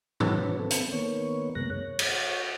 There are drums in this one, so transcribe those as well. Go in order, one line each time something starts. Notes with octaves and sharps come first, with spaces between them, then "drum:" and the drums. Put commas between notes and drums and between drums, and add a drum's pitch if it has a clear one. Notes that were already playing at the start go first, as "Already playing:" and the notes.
D#3 F#3 B4 C#5, drum: tom
B3 C4 A4
drum: hi-hat
D#3 A#3 B3 C#5
F#2 C3 G#3 A#3 F#6 A#6
C#5
drum: cymbal